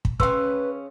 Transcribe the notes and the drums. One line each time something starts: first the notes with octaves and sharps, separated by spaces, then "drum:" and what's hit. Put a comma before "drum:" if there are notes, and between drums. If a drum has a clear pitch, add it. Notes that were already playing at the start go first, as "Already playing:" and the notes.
drum: kick
C#3 C#4 B4 G5 C6 E6, drum: kick